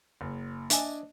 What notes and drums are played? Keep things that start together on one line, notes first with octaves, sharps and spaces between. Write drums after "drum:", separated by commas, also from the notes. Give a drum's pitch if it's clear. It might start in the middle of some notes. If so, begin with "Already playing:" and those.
F#1
D4 D#5 E5 G#5, drum: hi-hat